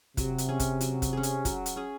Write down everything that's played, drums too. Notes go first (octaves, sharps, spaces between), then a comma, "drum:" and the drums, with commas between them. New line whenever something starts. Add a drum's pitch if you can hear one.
C3 F#3, drum: kick, hi-hat
drum: hi-hat
C#4 G#4
drum: kick, hi-hat
F#3, drum: hi-hat
drum: kick, hi-hat
C#4 G#4
drum: hi-hat
F#3, drum: kick, hi-hat
drum: hi-hat
C#4 G#4